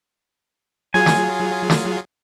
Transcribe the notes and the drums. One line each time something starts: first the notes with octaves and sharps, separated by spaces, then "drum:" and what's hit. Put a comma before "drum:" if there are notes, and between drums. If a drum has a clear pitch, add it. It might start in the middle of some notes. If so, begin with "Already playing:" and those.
F#3 F4 G#4 G#5
drum: snare
drum: snare